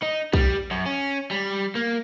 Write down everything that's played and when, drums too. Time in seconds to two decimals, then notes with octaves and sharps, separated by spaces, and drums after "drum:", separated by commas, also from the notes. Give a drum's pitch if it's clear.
0.03 D#4
0.33 G3, drum: kick
0.71 F#2
0.86 C#4
1.31 G3
1.75 A#3